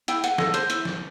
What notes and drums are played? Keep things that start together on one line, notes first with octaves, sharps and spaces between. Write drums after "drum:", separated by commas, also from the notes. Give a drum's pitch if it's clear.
E4 G5, drum: hi-hat
F#5, drum: hi-hat
A4 D#5, drum: snare
C5, drum: hi-hat
E4, drum: hi-hat
drum: snare